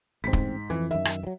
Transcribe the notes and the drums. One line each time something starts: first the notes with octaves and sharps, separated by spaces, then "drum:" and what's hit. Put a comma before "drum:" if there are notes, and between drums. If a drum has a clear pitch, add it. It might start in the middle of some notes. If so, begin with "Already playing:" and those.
A1 G#2 C4 B6
drum: kick
F2 E3
F#2 D#3 E5
drum: rim click
D#3 F#3